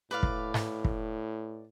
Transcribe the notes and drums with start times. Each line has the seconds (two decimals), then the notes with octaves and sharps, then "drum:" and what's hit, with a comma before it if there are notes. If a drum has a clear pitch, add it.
0.11 A2 B4 D5 F5
0.23 drum: kick
0.54 drum: snare G#2
0.85 drum: kick